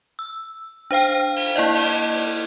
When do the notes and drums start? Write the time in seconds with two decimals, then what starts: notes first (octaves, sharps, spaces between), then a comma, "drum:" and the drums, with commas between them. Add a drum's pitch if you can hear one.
0.19 E6
0.91 D4 C5 F5 G5
1.36 drum: cymbal
1.56 A#3 E4 D5 D#5
1.75 drum: cymbal
2.14 drum: cymbal